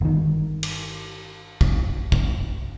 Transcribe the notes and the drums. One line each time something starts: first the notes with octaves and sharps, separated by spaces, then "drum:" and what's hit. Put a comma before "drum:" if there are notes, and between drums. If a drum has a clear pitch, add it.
G1 D#3
drum: cymbal
drum: kick
drum: kick